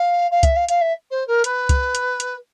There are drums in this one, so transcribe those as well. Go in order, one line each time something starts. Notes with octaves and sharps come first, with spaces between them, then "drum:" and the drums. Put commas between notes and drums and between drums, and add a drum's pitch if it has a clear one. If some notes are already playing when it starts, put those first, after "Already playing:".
Already playing: F5
F5
E5, drum: kick, hi-hat
F5
F5, drum: hi-hat
E5
C5
A#4
B4, drum: hi-hat
drum: kick, hi-hat
drum: hi-hat
drum: hi-hat